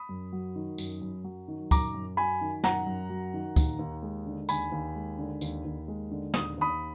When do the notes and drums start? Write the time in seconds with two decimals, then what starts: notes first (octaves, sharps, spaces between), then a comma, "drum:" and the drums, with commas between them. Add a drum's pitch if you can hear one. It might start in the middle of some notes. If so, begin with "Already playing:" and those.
Already playing: B5 D#6
0.09 F#2
0.33 F#3
0.56 D#3
0.78 F#2, drum: tambourine
1.02 F#2
1.24 F#3
1.48 D#3
1.71 F#2 A#5 D6, drum: kick, tambourine
1.94 F#2
2.17 F#3 G#5 B5
2.41 D#3
2.64 F#2 F#5 A#5, drum: snare
2.87 F#2
3.10 F#3
3.34 D#3
3.56 D#2, drum: kick, tambourine
3.79 D#2
4.03 G#3
4.26 D3
4.49 D#2 G#5 B5, drum: tambourine
4.72 D#2
4.95 G#3
5.19 D3
5.41 D#2, drum: tambourine
5.65 D#2
5.88 G#3
6.11 D3
6.34 D#2 D#6, drum: snare
6.58 D#2 B5 D#6